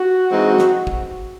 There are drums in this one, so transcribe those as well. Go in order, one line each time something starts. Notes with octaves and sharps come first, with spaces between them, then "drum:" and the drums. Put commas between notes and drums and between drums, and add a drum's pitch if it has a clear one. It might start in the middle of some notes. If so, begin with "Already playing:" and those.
Already playing: F#4
E3 G#3 C4 D#4
drum: snare
drum: kick